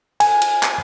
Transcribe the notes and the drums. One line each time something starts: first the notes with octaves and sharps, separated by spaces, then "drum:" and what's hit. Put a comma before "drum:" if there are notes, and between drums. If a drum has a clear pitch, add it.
G#5, drum: cymbal
drum: cymbal
drum: clap